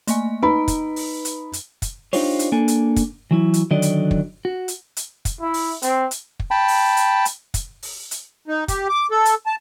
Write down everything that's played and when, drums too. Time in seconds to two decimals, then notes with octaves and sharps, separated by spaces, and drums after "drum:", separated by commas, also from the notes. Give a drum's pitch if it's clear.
0.07 A3 A#3 G#5, drum: hi-hat
0.43 D#4 B4 B5
0.68 drum: kick, hi-hat
0.96 drum: open hi-hat
1.25 drum: hi-hat
1.53 drum: hi-hat
1.82 drum: kick, hi-hat
2.13 D4 D#4 F4 G4 C5 C#5, drum: open hi-hat
2.39 drum: hi-hat
2.52 A#3 D4 A4 G#5
2.68 drum: hi-hat
2.96 drum: kick, hi-hat
3.31 E3 F#3 E4
3.54 drum: hi-hat
3.71 D3 D#3 F#3 D5 D#5
3.82 drum: hi-hat
4.11 drum: kick
4.45 F#4
4.68 drum: hi-hat
4.97 drum: hi-hat
5.25 drum: kick, hi-hat
5.41 E4
5.54 drum: open hi-hat
5.82 C4, drum: hi-hat
6.11 drum: hi-hat
6.40 drum: kick
6.51 G5 A5 B5
6.68 drum: open hi-hat
6.97 drum: hi-hat
7.25 drum: hi-hat
7.54 drum: kick, hi-hat
7.82 drum: open hi-hat
8.11 drum: hi-hat
8.48 D#4
8.68 G4, drum: kick, hi-hat
8.89 D6
9.11 A4
9.25 drum: hi-hat
9.46 A5